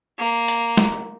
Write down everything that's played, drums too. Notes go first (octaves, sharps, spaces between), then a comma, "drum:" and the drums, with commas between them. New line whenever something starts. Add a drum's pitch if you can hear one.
A#3
drum: hi-hat
drum: snare